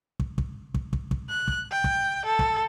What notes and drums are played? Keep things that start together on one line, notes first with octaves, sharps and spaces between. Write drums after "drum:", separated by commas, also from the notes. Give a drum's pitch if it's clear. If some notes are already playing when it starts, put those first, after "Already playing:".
drum: kick
drum: kick
drum: kick
drum: kick
drum: kick
F#6
drum: kick
G5
drum: kick
A4
drum: kick